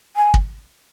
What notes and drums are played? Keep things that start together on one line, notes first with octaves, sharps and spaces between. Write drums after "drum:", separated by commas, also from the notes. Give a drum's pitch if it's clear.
G#5
drum: kick